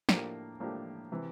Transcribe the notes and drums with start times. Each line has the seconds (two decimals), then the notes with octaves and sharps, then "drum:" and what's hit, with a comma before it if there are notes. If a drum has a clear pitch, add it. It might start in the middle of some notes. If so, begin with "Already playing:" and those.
0.09 A2 F3 A#3 D4 G4, drum: snare
0.60 A2 F3 A#3 D4 G4
1.12 C3 E3